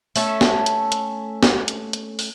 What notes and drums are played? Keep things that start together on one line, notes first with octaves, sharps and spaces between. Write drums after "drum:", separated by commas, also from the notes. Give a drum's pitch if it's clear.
A3 C#4 A4, drum: open hi-hat
drum: snare
drum: hi-hat
drum: hi-hat
drum: snare
drum: hi-hat
drum: hi-hat
drum: open hi-hat